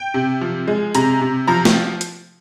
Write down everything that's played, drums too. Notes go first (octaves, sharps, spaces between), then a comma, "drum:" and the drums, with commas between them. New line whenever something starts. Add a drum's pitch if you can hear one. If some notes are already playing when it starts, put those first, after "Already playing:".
Already playing: G5
C3
F3
G#3
C3 A#5, drum: hi-hat
C3
F3 A#5
drum: snare
drum: hi-hat